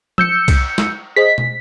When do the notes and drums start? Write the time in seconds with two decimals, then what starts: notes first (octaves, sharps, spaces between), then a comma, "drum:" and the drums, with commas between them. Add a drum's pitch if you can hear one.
0.18 E6 G6 C#7, drum: tom F3
0.48 drum: kick C2, cymbal
0.78 drum: snare
1.16 G#4 C5 D#5 B6
1.38 drum: tom B2